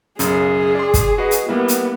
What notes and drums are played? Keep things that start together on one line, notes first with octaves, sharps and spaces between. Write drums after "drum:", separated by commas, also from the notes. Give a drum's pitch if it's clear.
B1 F#2 C#3 G#4, drum: hi-hat
D5 C6
drum: kick, hi-hat
F#4 B4 D#5
drum: hi-hat
G3 A#3 B3 E4
drum: hi-hat